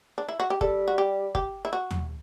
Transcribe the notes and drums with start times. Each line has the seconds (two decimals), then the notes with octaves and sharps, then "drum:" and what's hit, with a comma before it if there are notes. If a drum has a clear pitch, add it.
0.18 D4
0.28 E4
0.40 F#4
0.50 G4
0.61 G3 A4, drum: kick
0.88 F#4
0.98 G4
1.35 G4, drum: kick
1.65 E4
1.73 F#4
1.91 drum: tom D#2